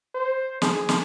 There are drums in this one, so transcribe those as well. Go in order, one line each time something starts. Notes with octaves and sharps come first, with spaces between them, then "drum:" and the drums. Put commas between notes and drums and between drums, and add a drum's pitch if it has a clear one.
C5
G#4, drum: snare
drum: snare